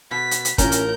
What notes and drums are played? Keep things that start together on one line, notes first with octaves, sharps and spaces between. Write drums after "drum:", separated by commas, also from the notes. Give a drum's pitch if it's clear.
B2 B6
drum: hi-hat
drum: hi-hat
A1 A2 C#4 F4 A#4 G6, drum: kick, hi-hat
drum: hi-hat